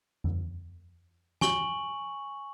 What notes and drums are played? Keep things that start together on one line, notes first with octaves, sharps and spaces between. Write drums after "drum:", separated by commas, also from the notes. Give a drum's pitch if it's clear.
drum: tom F2
G#5 C#6 F#7, drum: snare